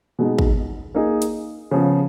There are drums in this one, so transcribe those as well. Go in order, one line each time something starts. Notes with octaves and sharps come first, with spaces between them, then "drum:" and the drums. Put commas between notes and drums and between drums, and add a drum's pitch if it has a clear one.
B2 G#3 D#4
drum: kick
A#3 D#4 G#4
drum: hi-hat
C#3 F3 B3